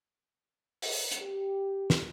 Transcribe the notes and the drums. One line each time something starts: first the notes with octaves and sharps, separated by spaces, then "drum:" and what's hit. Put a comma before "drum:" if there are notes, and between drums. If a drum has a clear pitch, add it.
drum: open hi-hat
drum: hi-hat
G4
drum: snare